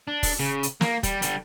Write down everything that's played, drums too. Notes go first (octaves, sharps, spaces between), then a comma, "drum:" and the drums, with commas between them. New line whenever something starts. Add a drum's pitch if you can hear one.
D4
drum: kick, open hi-hat
C#3
drum: hi-hat
A#3, drum: snare
G3, drum: kick, hi-hat
D3 G3, drum: hi-hat